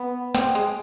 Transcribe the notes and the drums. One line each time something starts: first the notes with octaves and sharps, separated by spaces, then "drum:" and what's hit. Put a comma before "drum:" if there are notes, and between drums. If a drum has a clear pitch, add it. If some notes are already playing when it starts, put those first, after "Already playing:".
Already playing: B3
C4, drum: snare
G#3